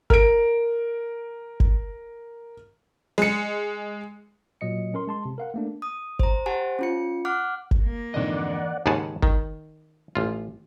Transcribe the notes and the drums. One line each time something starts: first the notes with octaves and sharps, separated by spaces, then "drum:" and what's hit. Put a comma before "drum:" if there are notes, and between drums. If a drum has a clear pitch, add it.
A#4 D7, drum: kick G1
drum: kick G1
G#3 C#7
A#2 F#3 D#5 C#7
C#4 A#4 C6
G#3 A5 C6
C3
A#4 F5 F#5
A3 A#3 D4
D#6
C5 A#5, drum: kick G1
G4 C5 F#5 G#5 A5
C#4 F4 C#7
F#5 D6 F6 F#6
drum: kick G1
A#3
F2 G#2 D3 E3 D5 D#5 F#5
D#2 G#2 C#3 G#4 F#5 A5
D#3, drum: kick G1
A1 F4